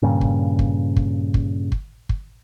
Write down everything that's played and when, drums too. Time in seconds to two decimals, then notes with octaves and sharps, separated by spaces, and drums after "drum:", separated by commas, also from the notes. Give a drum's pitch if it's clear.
0.02 G2 A#2 C#3
0.21 drum: kick
0.59 drum: kick
0.96 drum: kick
1.34 drum: kick
1.72 drum: kick
2.09 drum: kick